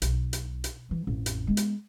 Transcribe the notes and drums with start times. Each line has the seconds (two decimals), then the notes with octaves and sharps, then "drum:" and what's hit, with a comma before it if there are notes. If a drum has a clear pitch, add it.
0.02 B1, drum: hi-hat
0.33 drum: hi-hat
0.64 drum: hi-hat
0.89 E3 F3
1.07 A1 F2
1.26 drum: hi-hat
1.47 G#3 B3
1.57 drum: hi-hat